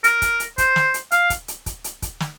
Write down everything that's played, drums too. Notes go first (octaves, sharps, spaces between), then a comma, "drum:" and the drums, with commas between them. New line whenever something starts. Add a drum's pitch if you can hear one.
A#4, drum: hi-hat
drum: kick, hi-hat
drum: hi-hat
C5, drum: kick, hi-hat
drum: snare
drum: hi-hat
F5, drum: hi-hat
drum: kick, hi-hat
drum: hi-hat
drum: kick, hi-hat
drum: hi-hat
drum: kick, hi-hat
drum: snare